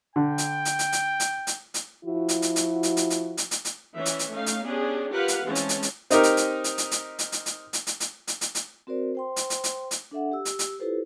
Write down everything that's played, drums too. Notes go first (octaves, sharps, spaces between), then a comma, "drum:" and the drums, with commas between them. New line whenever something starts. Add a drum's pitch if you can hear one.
D3 G5
drum: hi-hat
drum: hi-hat
drum: hi-hat
drum: hi-hat
drum: hi-hat
drum: hi-hat
drum: hi-hat
F3 E4 F#4
drum: hi-hat
drum: hi-hat
drum: hi-hat
drum: hi-hat
drum: hi-hat
drum: hi-hat
drum: hi-hat
drum: hi-hat
drum: hi-hat
E3 C#4 E5
drum: hi-hat
drum: hi-hat
A3 C#4 D#4 F5
drum: hi-hat
B3 C#4 D4 G4 G#4
F4 G4 A#4 B4 F5 F#5
drum: hi-hat
E3 G#3 C4 C#4 A5
drum: hi-hat
drum: hi-hat
drum: hi-hat
C4 D#4 G4 A#4, drum: hi-hat
drum: hi-hat
drum: hi-hat
drum: hi-hat
drum: hi-hat
drum: hi-hat
drum: hi-hat
drum: hi-hat
drum: hi-hat
drum: hi-hat
drum: hi-hat
drum: hi-hat
drum: hi-hat
drum: hi-hat
drum: hi-hat
C4 F#4 A#4 C5 D5
C5 G5 C6
drum: hi-hat
drum: hi-hat
drum: hi-hat
drum: hi-hat
D4 A4 E5 F#5
G4 E6
drum: hi-hat
drum: hi-hat
E4 F4 G4 A4 B4 C5